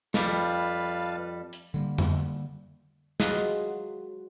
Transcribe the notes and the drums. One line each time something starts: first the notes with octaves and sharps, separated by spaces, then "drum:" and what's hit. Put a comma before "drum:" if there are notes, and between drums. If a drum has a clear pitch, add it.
F2 G3 B4 F5 A5, drum: snare
drum: hi-hat
D3 G3 A#3, drum: tambourine
drum: tom F2
F#3 G#3 F4 B4 D#5, drum: snare